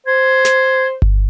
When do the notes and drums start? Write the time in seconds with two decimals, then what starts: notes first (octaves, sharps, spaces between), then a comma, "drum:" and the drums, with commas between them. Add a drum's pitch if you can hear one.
0.07 C5 G#6
0.45 drum: snare
1.02 drum: kick G1